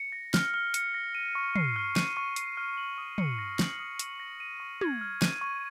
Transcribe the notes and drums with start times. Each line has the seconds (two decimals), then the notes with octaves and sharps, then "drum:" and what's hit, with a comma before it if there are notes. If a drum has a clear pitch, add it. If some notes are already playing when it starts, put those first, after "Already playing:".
Already playing: C#7
0.12 A#6
0.34 F6, drum: snare
0.54 F6
0.74 C#7, drum: hi-hat
0.94 A#6
1.15 D#7
1.35 C#6
1.56 C7, drum: tom
1.76 F6
1.96 D#7, drum: snare
2.17 C#6
2.36 C7, drum: hi-hat
2.57 F6
2.77 F#7
2.98 D#6
3.18 C#7, drum: tom
3.39 A#6
3.59 F#7, drum: snare
3.79 D#6
3.99 C#7, drum: hi-hat
4.20 A#6
4.40 D#7
4.60 C#6
4.81 G#6, drum: tom
5.01 F6
5.22 D#7, drum: snare
5.41 C#6